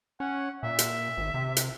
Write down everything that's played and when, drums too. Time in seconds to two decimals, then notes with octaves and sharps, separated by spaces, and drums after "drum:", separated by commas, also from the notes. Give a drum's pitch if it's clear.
0.20 C#4 F#5
0.63 A#2 E5
0.79 drum: hi-hat
1.18 G#1
1.34 C3
1.57 drum: hi-hat